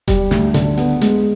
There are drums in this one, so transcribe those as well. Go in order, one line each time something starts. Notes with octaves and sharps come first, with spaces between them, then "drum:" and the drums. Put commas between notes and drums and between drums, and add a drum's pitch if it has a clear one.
G3, drum: kick F1, hi-hat
D2, drum: snare
D3, drum: hi-hat
B3, drum: open hi-hat
G#3, drum: hi-hat